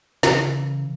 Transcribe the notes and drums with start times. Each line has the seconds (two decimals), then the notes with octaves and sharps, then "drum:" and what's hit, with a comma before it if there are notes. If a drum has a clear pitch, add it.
0.23 C#3 E3, drum: snare